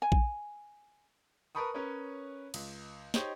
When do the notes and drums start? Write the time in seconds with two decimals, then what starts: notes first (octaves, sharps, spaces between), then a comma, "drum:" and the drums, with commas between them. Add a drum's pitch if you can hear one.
0.02 G#5
0.12 drum: kick A#1
1.55 A#4 B4 A5 B5 C#6 D#6
1.74 C#4 A#4 B4 C#5
2.54 C#2, drum: cymbal
3.14 D#4 G4 C5 C#5 D#5, drum: snare